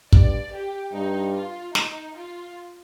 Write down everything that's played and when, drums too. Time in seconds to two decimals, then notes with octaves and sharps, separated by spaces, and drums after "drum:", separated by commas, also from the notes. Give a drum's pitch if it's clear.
0.13 G2 D5, drum: kick
0.54 G4
0.93 G2 D#4
1.35 F4
1.75 D#4, drum: snare
2.16 F4